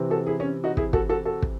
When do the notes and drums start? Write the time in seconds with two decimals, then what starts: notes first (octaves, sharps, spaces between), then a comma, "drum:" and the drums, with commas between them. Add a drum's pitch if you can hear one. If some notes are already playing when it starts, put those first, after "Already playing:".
Already playing: C3 E3 C4
0.10 F#4 A4
0.27 E4 G#4
0.40 C#4
0.64 D#4 F#4
0.77 E4 G#4, drum: kick
0.93 F#4 A4, drum: kick
1.09 F#4 A4
1.25 F#4 A4
1.42 drum: kick